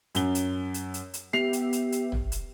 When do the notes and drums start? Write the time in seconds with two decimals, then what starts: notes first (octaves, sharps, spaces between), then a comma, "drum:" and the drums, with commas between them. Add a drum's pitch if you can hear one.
0.15 F#2 G7, drum: hi-hat
0.35 drum: hi-hat
0.74 drum: hi-hat
0.94 drum: hi-hat
1.14 drum: hi-hat
1.33 B3 G4 E5 C7 F7, drum: rim click
1.53 drum: hi-hat
1.73 drum: hi-hat
1.92 drum: hi-hat
2.12 drum: tom
2.32 drum: hi-hat